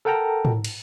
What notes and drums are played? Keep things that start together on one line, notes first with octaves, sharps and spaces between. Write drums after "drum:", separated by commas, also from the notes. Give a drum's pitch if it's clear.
A4 A#4 F#5 G5 A5 A#5
drum: tom
drum: cymbal